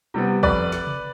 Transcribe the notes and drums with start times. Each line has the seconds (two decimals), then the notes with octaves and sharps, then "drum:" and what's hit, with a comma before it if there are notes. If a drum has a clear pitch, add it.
0.14 C3 G3 B3
0.43 F1 B4 D5, drum: kick
0.72 drum: snare
0.87 drum: tom C3